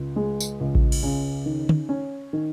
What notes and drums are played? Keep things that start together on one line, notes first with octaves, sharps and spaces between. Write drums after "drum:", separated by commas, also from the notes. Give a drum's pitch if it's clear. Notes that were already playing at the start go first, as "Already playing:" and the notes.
Already playing: C#2
G#3
drum: tambourine
C#2
drum: kick A1
drum: cymbal
C#3
D#3
drum: tom
C#4
D#3